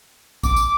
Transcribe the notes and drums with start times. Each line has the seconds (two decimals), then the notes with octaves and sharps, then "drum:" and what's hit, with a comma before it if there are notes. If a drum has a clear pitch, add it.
0.43 D6, drum: kick, tambourine
0.56 drum: tambourine